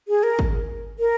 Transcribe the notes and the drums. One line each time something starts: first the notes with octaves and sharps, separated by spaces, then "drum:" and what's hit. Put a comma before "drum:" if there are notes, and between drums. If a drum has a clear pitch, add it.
G#4
A#4
drum: kick
A#4